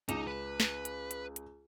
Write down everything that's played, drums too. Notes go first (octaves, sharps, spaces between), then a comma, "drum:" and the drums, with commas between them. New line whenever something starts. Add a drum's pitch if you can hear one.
C#2 D#4 D6 E7, drum: hi-hat
B4
drum: snare
drum: hi-hat
drum: hi-hat
drum: hi-hat